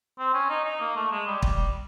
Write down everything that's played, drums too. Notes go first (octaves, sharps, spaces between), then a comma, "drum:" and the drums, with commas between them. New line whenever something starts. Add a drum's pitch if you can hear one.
C4
C#4
D#4
D#4
A#3
A3
G#3
G3
G3, drum: kick